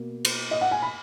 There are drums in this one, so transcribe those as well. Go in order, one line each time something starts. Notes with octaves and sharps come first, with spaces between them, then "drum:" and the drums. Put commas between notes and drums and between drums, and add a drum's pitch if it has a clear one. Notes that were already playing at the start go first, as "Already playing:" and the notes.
Already playing: B2 A#3
drum: cymbal
D#5
F#5
G#5
B5